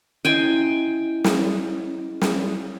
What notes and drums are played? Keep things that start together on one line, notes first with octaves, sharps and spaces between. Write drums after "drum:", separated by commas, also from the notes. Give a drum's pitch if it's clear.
C#4 E4 D#5 G5 G#5 C6
drum: snare
drum: snare